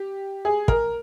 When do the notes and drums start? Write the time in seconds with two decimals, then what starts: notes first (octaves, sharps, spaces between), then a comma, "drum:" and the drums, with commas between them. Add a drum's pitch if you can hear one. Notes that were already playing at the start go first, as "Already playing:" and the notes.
Already playing: G4
0.45 G#4
0.68 A#4, drum: kick